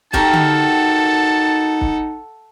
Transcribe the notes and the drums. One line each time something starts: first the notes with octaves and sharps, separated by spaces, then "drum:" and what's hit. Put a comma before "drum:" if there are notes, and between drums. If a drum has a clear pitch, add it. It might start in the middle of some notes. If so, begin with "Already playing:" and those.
D#4 F#4 G4 A4 A#4 F#5 A5, drum: kick
drum: tom D3
drum: kick